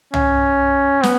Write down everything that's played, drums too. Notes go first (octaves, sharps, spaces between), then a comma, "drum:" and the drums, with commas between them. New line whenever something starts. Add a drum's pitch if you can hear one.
C#4, drum: tom C2
B3, drum: snare